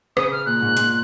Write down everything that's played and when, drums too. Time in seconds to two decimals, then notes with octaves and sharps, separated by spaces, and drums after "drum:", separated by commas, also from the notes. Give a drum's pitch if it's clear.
0.17 C#3 D#6, drum: rim click
0.32 F6
0.46 A#2 F#6
0.62 G#2
0.77 A#2, drum: hi-hat